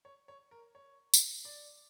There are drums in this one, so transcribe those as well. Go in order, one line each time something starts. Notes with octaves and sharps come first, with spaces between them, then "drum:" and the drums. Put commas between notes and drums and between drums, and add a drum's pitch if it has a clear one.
C#5
C#5
A#4
C#5
drum: tambourine
D5